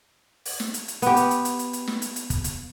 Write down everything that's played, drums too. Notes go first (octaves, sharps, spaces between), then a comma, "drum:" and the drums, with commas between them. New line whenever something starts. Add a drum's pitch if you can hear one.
drum: open hi-hat
drum: snare
drum: hi-hat
drum: hi-hat
B3 G4, drum: hi-hat
drum: hi-hat
drum: hi-hat
drum: hi-hat
drum: hi-hat
drum: hi-hat
drum: snare
drum: hi-hat
drum: hi-hat
drum: kick, hi-hat
drum: hi-hat